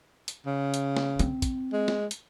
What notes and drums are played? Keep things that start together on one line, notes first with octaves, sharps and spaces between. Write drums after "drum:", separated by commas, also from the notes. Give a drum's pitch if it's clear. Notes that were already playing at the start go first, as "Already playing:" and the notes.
drum: hi-hat
C#3
drum: hi-hat
drum: snare
C4, drum: hi-hat
drum: kick, hi-hat
G#3
drum: snare
drum: hi-hat